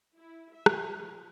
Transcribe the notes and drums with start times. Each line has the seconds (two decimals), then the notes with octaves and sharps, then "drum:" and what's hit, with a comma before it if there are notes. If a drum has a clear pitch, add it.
0.16 E4
0.53 E5
0.66 drum: rim click
0.98 F3